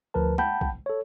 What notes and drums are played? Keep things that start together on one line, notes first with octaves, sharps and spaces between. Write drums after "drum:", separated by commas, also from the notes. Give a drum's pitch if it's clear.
D2 F3 A#4 B4 A5
F#5 G5 A5 B5 G6, drum: tom
drum: kick
A4 C#5